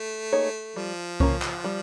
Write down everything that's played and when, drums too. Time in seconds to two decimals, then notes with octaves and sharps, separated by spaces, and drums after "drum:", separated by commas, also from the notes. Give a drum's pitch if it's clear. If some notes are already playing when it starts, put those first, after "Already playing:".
Already playing: A3
0.33 A#3 D#4 G#4 C#5
0.76 F3 G3
1.20 A#3 C#4, drum: kick C2
1.42 drum: clap
1.64 G3